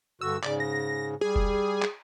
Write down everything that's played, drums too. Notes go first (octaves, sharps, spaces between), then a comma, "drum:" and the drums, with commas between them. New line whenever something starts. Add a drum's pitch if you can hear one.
G2 D3 F#4 E6
G#2 C#3 D5, drum: clap
A#6
G3 G#4
drum: kick F1
drum: clap